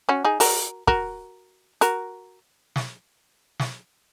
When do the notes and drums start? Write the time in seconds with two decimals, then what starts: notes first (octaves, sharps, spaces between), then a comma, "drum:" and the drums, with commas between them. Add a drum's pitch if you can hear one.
0.09 C#4 F#4
0.24 D#4 G#4
0.40 F#4 A#4, drum: open hi-hat
0.87 F#4 A#4, drum: kick
1.81 F#4 A#4, drum: hi-hat
2.76 drum: snare
3.60 drum: snare